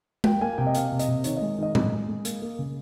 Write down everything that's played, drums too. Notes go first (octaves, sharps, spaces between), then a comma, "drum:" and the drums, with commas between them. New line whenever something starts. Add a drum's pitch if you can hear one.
A#3 G5, drum: tom G#3
A#3 G#5
C3 G5
D#5
A#3 F5, drum: hi-hat
C3
D#5, drum: hi-hat
C3
D#3 C#5, drum: hi-hat
G#3 D#5
D#3 D#5
G#3 D#5, drum: tom A2
G#3
G#3
A#3, drum: hi-hat
A#3
C#3